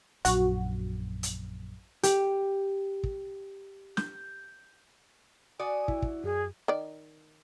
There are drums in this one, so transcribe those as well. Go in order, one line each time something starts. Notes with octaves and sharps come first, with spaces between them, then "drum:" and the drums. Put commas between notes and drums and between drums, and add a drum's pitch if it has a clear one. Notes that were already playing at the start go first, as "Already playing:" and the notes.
A#1 F#2 F#4, drum: hi-hat
drum: hi-hat
G4, drum: hi-hat
drum: kick
G6, drum: snare
F#4 D5 G#5 D#6
E4, drum: kick
drum: kick
F#2 G#4
D#3 D5